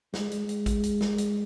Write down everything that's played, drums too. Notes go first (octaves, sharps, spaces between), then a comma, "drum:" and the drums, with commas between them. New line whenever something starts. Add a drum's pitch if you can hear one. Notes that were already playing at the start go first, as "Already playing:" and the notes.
G#3, drum: snare
drum: hi-hat
drum: hi-hat
drum: kick A1, hi-hat
drum: hi-hat
drum: snare
drum: hi-hat